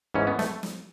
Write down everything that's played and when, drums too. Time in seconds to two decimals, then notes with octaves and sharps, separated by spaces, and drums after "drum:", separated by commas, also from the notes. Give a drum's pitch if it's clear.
0.14 G#2 E3 C#4
0.27 B3
0.39 A3, drum: snare
0.63 drum: snare